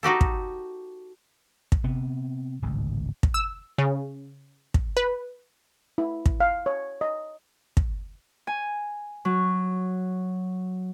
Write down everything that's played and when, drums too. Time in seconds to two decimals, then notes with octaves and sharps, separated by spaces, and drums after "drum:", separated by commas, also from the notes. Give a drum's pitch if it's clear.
0.03 D#4 F#4 G4 A4
0.21 drum: kick
1.72 drum: kick
1.84 C3 B3
2.62 D1 G#1 C#2
3.23 drum: kick
3.34 E6
3.78 C#3
4.74 drum: kick
4.97 B4
5.98 E4
6.26 drum: kick
6.40 F5
6.66 C#5
7.01 D#5
7.77 drum: kick
8.47 G#5
9.25 F#3